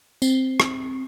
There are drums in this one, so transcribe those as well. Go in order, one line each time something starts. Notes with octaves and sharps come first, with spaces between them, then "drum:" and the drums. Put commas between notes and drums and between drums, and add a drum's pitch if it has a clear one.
C4, drum: tambourine
drum: rim click